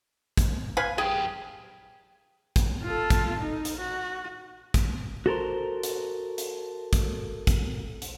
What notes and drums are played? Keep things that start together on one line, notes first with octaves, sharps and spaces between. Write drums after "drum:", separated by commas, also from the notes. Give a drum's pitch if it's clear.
drum: kick, hi-hat
B4 F5 G#5
F#2 G4 G#4
drum: kick, hi-hat
F4 A4
drum: kick, hi-hat
D#4
drum: hi-hat
F#4
drum: kick, hi-hat
F#4 A4 A#4 C5
drum: hi-hat
drum: hi-hat
drum: kick, hi-hat
drum: kick, hi-hat
drum: hi-hat